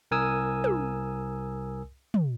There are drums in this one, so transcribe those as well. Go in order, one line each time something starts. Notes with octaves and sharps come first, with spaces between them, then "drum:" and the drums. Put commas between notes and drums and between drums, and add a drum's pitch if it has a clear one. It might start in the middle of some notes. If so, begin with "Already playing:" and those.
C2 A#4 G#5 D#6 E6
drum: tom
drum: tom